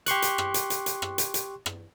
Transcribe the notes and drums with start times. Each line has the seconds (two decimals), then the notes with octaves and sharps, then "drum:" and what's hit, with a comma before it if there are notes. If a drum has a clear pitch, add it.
0.06 G4 C6 C#6 F#6, drum: hi-hat
0.22 drum: hi-hat
0.38 drum: rim click
0.54 drum: hi-hat
0.70 drum: hi-hat
0.86 drum: hi-hat
1.02 drum: rim click
1.18 drum: hi-hat
1.34 drum: hi-hat
1.66 drum: rim click